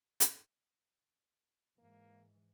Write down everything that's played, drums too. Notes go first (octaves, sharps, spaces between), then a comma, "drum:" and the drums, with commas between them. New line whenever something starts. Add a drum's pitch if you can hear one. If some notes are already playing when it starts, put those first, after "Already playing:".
drum: hi-hat
G#2 E3 A#3